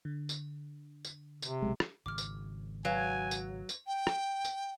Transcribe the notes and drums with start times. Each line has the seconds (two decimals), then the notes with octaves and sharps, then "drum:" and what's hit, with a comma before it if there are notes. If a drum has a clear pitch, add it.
0.05 D3
0.29 drum: tambourine
1.05 drum: tambourine
1.42 C3, drum: tambourine
1.62 B1 G#3
1.80 drum: rim click
2.06 G#1 C#3 D6 F6
2.18 drum: tambourine
2.85 F#3 B4 F5 G#5
3.31 drum: tambourine
3.69 drum: tambourine
3.87 G5
4.07 drum: rim click
4.45 drum: tambourine